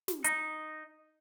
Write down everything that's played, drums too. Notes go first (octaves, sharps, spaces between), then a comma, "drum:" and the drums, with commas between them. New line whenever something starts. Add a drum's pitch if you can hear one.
drum: snare
D#4, drum: hi-hat